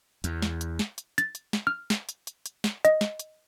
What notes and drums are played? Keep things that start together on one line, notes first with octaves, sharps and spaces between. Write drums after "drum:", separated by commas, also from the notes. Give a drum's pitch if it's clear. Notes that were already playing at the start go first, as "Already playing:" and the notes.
E2, drum: hi-hat
drum: snare
drum: hi-hat
drum: snare
drum: hi-hat
A6, drum: hi-hat
drum: hi-hat
drum: snare
F6
drum: snare
drum: hi-hat
drum: hi-hat
drum: hi-hat
drum: snare
D#5, drum: hi-hat
drum: snare
drum: hi-hat